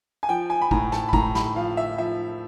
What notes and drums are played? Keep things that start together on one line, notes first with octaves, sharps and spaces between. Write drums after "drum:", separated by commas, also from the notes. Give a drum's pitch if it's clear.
G#5
F3 G5
G#5
B5
A2 A#5, drum: kick G#1
A5, drum: snare
B5
A2 A#5, drum: kick G#1
B5, drum: snare
F3 F5
E5
F3 E5